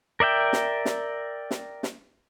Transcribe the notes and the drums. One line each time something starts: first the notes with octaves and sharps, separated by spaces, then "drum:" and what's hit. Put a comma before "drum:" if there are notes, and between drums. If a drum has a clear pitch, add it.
A#4 D5 E5 G5
drum: snare
drum: snare
drum: snare
drum: snare